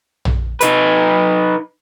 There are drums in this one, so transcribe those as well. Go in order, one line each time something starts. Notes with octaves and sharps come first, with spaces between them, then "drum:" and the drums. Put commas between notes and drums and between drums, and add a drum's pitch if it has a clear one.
drum: tom A#1
D#4 B4, drum: hi-hat